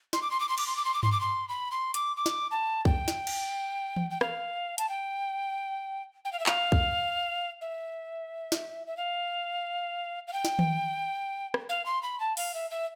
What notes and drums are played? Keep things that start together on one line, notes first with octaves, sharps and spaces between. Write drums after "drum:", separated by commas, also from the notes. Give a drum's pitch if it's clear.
C6, drum: snare
D6
C6
D6
C6
D6, drum: cymbal
C6
D6
C6
D6
C6, drum: tom G2
D6
C6
B5
C6
D6, drum: hi-hat
D6
drum: snare
A5
G5, drum: kick
drum: snare
drum: cymbal
drum: tom E3
G5
F5, drum: rim click
A5, drum: hi-hat
G5
G5
F5
E5
F5, drum: clap
drum: kick
E5
drum: snare
E5
F5
F5
G5
drum: snare
drum: tom D#3
drum: rim click
F5
C6
B5
A5
F5, drum: open hi-hat
E5
E5